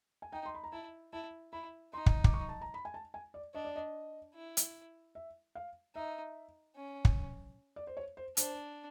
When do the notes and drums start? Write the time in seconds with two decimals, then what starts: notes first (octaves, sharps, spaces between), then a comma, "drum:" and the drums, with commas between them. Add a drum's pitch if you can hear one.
0.22 G#5
0.32 D#4 G5
0.46 C6
0.55 B5
0.64 A#5
0.72 E4 A5
1.13 E4 A5
1.53 E4 B5
1.93 D#4 C6
2.06 drum: kick
2.24 D6, drum: kick
2.34 C#6
2.49 A5
2.61 A#5
2.74 B5
2.85 G#5
2.94 A5
3.14 G#5
3.34 D5
3.54 D4 D#5
3.65 D5
3.76 D#5
4.35 E4
4.57 drum: hi-hat
5.15 E5
5.55 F5
5.95 D#4 E5
6.76 C#4
7.05 drum: kick
7.76 D5
7.87 C5
7.97 C#5
8.17 C5
8.37 D4 C5, drum: hi-hat